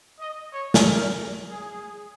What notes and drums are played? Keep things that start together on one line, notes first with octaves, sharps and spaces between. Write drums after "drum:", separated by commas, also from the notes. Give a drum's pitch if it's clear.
D#5
C#5
drum: snare
A#4
G#4